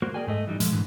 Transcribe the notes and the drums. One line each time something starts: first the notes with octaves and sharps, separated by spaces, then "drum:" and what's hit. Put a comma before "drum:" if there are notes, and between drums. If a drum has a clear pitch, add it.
A#3 F#4 A#4 C5
G#4 A#4 D5 G5 G#5
G#2 A3 D#5
E3 G3 D#4
A#2 F3 G#3 A3, drum: hi-hat
G#2 D3 E3